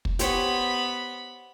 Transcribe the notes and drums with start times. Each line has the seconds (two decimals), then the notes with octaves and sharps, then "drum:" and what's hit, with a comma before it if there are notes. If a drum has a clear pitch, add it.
0.05 drum: kick
0.19 B3 G4 C5 C#5 B5, drum: hi-hat